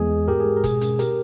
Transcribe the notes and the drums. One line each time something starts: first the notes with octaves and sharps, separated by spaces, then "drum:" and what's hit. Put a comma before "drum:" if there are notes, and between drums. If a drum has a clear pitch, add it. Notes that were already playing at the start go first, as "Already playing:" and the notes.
Already playing: E2 G#3 G#4
G#3
G#2 G4 A#4
G#4
G#3
A#4
B2 G#4, drum: kick, hi-hat
C#4, drum: hi-hat
G4 A#4, drum: hi-hat